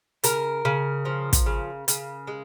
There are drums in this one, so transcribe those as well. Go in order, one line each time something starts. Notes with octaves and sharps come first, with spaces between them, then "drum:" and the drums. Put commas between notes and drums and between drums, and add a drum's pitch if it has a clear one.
C#3 A#4, drum: hi-hat
C#3
F3
drum: kick, hi-hat
C#3
C#3, drum: hi-hat
G#3